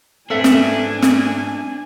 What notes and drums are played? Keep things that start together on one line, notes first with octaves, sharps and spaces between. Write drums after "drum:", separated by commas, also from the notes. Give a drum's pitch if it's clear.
G#2 A3 C4 D4 A4 B4 E5 G#5
drum: snare
drum: snare